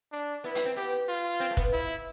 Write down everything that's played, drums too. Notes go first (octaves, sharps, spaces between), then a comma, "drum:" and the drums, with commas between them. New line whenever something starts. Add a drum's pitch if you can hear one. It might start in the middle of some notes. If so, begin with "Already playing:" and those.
D4
B3 E4
B3, drum: hi-hat
C4
B3 G4
F4
C4
A3
B3, drum: kick
E4